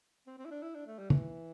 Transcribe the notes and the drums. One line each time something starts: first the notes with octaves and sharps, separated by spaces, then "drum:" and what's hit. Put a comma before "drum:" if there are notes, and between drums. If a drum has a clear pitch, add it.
C4
C4
E4
D4
E4
D4
A3
G3
E3, drum: tom